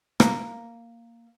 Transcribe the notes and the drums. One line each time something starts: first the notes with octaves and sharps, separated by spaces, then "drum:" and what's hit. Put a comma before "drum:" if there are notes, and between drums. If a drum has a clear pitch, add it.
A#3, drum: rim click